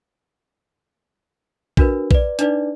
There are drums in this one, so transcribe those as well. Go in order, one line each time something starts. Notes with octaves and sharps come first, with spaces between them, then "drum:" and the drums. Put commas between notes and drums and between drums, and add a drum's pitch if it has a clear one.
D4 F#4 A#4 B4, drum: kick A#1
B4 D5, drum: kick A#1
D4 D#4 B4 D5, drum: hi-hat